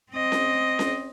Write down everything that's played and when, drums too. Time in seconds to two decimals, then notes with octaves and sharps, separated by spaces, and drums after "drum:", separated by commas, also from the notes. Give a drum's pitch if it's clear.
0.12 C4 D#5
0.32 drum: snare C#4
0.79 drum: snare C#4